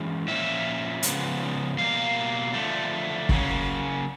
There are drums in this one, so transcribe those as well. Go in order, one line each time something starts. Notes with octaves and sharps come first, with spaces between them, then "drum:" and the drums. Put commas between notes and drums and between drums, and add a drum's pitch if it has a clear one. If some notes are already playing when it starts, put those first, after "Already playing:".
Already playing: E3 G#3 C#4
A#2 F3 C#4 E5
C#3 F3 G#3 B3, drum: hi-hat
B2 G3 A#3 F5
D3 F3 A3
C#3 F#3 A#3 C#4, drum: kick F#1